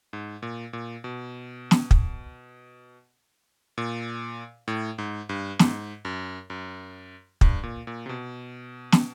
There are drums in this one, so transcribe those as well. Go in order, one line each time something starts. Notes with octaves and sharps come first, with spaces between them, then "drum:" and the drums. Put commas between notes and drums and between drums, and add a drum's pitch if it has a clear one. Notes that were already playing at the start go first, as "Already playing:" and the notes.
G#2
A#2
A#2
B2
drum: snare
drum: kick
A#2
A2
G#2
G2
G#2, drum: snare
F#2
F#2
G2, drum: kick
A#2
A#2
C3
B2
drum: snare